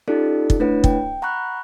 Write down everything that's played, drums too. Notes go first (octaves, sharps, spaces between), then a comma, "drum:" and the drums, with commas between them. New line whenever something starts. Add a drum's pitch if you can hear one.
C#4 D#4 F4 G4 A4 D5
drum: kick
A3 D4 E4 B4 C#5 F#5
G5, drum: kick
F#5 A#5 B5 C#6 F#6